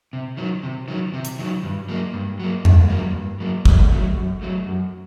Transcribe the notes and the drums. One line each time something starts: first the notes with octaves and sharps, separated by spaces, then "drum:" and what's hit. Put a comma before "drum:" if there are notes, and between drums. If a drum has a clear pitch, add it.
C3
D#3 F#3
C3
D#3 F#3
C3
drum: hi-hat
D#3 F#3
G2
F#3 A#3
G2
F#3 A#3
G2, drum: tom F2
F#3 A#3
G2
F#3 A#3
F#2, drum: kick
F#3 A3
F#2
F#3 A3
F#2